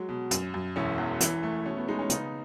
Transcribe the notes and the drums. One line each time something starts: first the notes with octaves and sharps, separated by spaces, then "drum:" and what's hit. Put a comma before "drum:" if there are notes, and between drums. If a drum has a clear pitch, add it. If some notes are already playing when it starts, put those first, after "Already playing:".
Already playing: F#3 G#3
B2
F#2, drum: hi-hat
F#2
E1 C#4 E4
E2
E3, drum: hi-hat
A3
B2 C#4
B3
G#3 B3 D#4
C#4
C#3 B3 D#4, drum: hi-hat